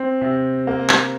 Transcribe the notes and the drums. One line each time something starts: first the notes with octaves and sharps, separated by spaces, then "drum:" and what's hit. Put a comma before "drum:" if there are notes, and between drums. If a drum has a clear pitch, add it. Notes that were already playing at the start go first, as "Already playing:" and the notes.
Already playing: C4
C3
A#3
drum: clap